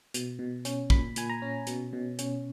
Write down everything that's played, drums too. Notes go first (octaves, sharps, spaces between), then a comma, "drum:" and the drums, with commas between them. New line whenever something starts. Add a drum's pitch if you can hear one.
B2, drum: hi-hat
B2
C#4, drum: hi-hat
A#2 B5, drum: kick
A#2 G#5, drum: hi-hat
A#5
C#4
B2, drum: hi-hat
B2
C#4, drum: hi-hat